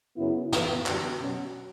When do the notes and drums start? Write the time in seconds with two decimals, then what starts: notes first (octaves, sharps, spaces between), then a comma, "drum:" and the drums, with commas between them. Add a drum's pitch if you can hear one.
0.17 F#2 C#3 F#3 B3 E4
0.52 A2 E3 B3, drum: snare
0.86 F#2 D3 G3 B3 F#4, drum: clap
1.20 B2 F#3 C#4 F#4